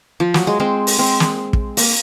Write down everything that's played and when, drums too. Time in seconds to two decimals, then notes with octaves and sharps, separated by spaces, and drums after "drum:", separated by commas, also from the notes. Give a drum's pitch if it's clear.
0.20 F3
0.34 F#3, drum: snare
0.47 G#3
0.60 G#3 C4
0.87 drum: open hi-hat
0.98 G#3 C4
1.20 drum: snare
1.53 drum: kick
1.77 A#3, drum: open hi-hat